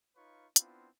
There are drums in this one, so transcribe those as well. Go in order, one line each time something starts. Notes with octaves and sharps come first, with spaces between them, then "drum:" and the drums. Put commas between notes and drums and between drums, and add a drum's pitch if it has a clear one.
D#4 F4 B4 C#5 F5 C#6
B3 C4 D4 E4 F4, drum: hi-hat